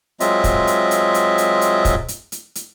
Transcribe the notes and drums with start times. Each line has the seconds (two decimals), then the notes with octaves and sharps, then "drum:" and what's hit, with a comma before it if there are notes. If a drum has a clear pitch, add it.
0.20 F#3 G#3 C4 F4 D#5 E5, drum: hi-hat
0.44 drum: kick, hi-hat
0.67 drum: hi-hat
0.91 drum: hi-hat
1.14 drum: hi-hat
1.38 drum: hi-hat
1.61 drum: hi-hat
1.85 drum: kick, hi-hat
2.08 drum: hi-hat
2.32 drum: hi-hat
2.55 drum: hi-hat